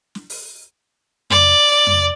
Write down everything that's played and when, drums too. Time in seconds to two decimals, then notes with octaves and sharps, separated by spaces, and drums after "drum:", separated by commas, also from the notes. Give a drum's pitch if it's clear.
0.15 drum: snare
0.30 drum: open hi-hat
1.30 D5, drum: tom F2
1.87 drum: tom F2